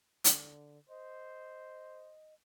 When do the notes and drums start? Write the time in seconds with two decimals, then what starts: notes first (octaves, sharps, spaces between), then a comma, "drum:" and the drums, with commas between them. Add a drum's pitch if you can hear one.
0.24 D3, drum: hi-hat
0.89 C5 D#5